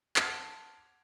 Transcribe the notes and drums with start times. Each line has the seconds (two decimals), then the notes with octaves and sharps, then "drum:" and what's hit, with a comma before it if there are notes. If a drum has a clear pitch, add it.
0.16 F#5 A5 C6 D6 F6 G#6, drum: clap